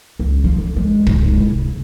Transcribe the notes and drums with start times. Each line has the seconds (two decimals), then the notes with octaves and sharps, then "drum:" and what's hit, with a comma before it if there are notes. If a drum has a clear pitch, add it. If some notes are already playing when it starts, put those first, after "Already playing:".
0.19 C#2
0.44 F3
0.58 D3
0.76 G#3
1.07 G#2, drum: kick
1.23 G#3
1.38 E4
1.50 C3
1.64 C#3